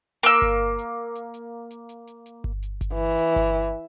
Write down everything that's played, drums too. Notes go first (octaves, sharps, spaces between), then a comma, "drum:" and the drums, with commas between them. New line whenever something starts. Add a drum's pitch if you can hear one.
A#3 E6, drum: hi-hat
drum: kick G1
drum: hi-hat
drum: hi-hat
drum: hi-hat
drum: hi-hat
drum: hi-hat
drum: hi-hat
drum: hi-hat
drum: kick G1
drum: hi-hat
drum: kick G1, hi-hat
E3
drum: hi-hat
drum: kick G1, hi-hat